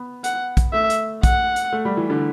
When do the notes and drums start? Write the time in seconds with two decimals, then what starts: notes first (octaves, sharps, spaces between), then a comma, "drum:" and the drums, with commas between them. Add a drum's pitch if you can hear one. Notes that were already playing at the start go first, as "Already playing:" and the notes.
Already playing: B3
0.24 F#5, drum: hi-hat
0.57 drum: kick, hi-hat
0.73 A3 E5
0.90 drum: hi-hat
1.23 F#5, drum: kick, hi-hat
1.56 drum: hi-hat
1.73 A3
1.85 G3
1.97 E3
2.10 D3